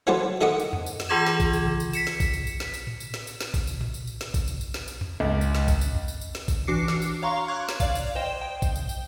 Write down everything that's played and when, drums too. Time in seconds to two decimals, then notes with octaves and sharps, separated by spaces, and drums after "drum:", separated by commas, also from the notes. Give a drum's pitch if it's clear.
0.07 E3 F#3 A3 B4 C5 D5
0.41 D#3 A4 D#5 E5 F#5 D6
0.60 drum: tambourine
0.73 drum: tom E2
0.86 drum: tambourine
1.00 drum: snare
1.09 E3 F4 G#4 D6 G#6 E7
1.26 drum: snare
1.40 drum: kick, tambourine
1.53 drum: tambourine
1.67 drum: tom C3
1.80 drum: tambourine
1.93 B6 C#7 E7, drum: tambourine
2.07 drum: snare
2.20 drum: kick, tambourine
2.34 drum: tambourine
2.47 drum: tambourine
2.60 drum: snare
2.74 drum: tambourine
2.87 drum: tom A2
3.00 drum: tambourine
3.14 drum: snare
3.27 drum: tambourine
3.41 drum: snare
3.54 drum: kick, tambourine
3.67 drum: tambourine
3.81 drum: tom A2
3.94 drum: tambourine
4.07 drum: tambourine
4.21 drum: snare
4.34 drum: kick, tambourine
4.48 drum: tambourine
4.61 drum: tambourine
4.74 drum: snare
4.88 drum: tambourine
5.01 drum: tom E2
5.20 C#2
5.41 drum: tambourine
5.55 drum: snare
5.68 drum: kick, tambourine
5.81 drum: tambourine
5.95 drum: tom E2
6.08 drum: tambourine
6.21 drum: tambourine
6.35 drum: snare
6.48 drum: kick, tambourine
6.67 E3 D4 F#4 D6 C7 C#7
6.88 drum: snare
7.02 drum: tambourine
7.22 C#5 F5 A#5 C6 C#6
7.48 C#6 D6 F#6 G#6
7.69 drum: snare
7.80 D5 F5, drum: kick, tambourine
7.95 drum: tambourine
8.15 C5 D#5 G5 E7
8.41 G5
8.62 drum: kick, tambourine
8.76 drum: tambourine
8.89 drum: tambourine